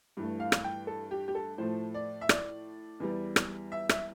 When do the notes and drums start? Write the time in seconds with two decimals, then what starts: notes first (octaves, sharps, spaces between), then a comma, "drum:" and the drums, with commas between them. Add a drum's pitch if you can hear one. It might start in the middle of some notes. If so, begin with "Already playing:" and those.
0.17 G2 E3 A3
0.40 F5
0.52 drum: rim click
0.64 G5
0.87 A4
1.11 G4
1.28 G4
1.35 A4
1.58 A2 F3 A3 C5
1.94 D5
2.21 E5
2.29 D5, drum: rim click
3.00 E2 E3 G3
3.36 drum: rim click
3.72 E5
3.89 E5, drum: rim click